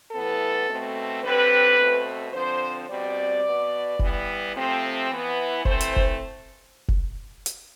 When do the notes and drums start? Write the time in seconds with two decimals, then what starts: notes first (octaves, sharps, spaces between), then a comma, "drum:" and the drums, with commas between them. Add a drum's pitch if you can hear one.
0.12 A2 E3 B3 A4
0.68 B2 A3 C4
1.23 D3 G3 C4 B4
1.78 B2 A3 C4
2.33 D3 F3 C4 C5
2.89 B2 G3 C4 D5
3.45 B2 B3
3.99 E3 G3 B3, drum: kick F1
4.55 C3 F3 A3 C4
5.10 E3 B3
5.65 E3 A3 C4 C5, drum: kick F1
5.80 drum: hi-hat
5.96 drum: kick F1
6.88 drum: kick F1
7.46 drum: hi-hat